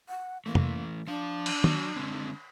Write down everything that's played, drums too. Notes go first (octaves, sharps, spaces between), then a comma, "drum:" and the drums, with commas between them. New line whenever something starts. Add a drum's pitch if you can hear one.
F#5
E3 A3 A#3
drum: tom
F3 D4 F5
drum: cymbal
F#3, drum: tom
D3 G#3 C4